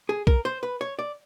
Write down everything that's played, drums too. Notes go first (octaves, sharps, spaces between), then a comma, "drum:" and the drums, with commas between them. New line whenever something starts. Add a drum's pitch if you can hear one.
G#4
A#4, drum: kick
C5
B4
C#5
D5